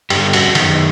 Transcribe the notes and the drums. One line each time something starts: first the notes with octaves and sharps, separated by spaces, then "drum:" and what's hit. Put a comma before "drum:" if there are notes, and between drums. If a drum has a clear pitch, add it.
G2 D3 G4, drum: cymbal
F#4, drum: cymbal
F#2 D#3 D#4, drum: cymbal